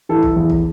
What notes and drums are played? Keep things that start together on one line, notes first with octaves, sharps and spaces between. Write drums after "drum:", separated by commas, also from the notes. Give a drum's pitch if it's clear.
E3 A4
drum: kick
E2
drum: kick